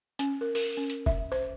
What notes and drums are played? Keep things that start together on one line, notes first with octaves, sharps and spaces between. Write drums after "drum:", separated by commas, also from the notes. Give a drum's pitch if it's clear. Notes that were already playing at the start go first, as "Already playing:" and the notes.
C#4, drum: hi-hat
A#4
A#4, drum: open hi-hat
C#4
drum: hi-hat
E5, drum: kick
C5